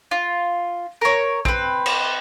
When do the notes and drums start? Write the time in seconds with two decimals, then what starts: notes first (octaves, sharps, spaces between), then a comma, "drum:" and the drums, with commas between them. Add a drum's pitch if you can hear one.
0.11 F4
1.01 A#4 C#5
1.45 C4 B4, drum: kick
1.86 drum: cymbal